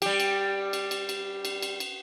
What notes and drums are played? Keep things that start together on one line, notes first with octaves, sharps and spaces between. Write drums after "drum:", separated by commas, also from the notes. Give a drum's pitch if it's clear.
G3 G4, drum: cymbal
drum: cymbal
drum: cymbal
drum: cymbal
drum: cymbal
drum: cymbal
drum: cymbal
drum: cymbal